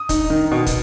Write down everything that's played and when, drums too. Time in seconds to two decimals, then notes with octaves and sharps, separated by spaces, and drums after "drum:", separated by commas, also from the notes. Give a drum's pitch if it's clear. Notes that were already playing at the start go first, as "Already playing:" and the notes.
Already playing: D#6
0.09 D#4, drum: kick, hi-hat
0.30 D#3
0.52 B2
0.66 drum: kick, hi-hat